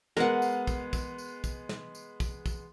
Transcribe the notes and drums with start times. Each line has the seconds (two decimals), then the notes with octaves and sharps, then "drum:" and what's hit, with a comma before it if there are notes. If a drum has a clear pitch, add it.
0.17 G#3 B3 A#4 F#5, drum: snare
0.42 drum: tambourine
0.67 drum: kick, tambourine
0.93 drum: kick, tambourine
1.18 drum: tambourine
1.44 drum: kick, tambourine
1.69 drum: snare
1.95 drum: tambourine
2.20 drum: kick, tambourine
2.46 drum: kick, tambourine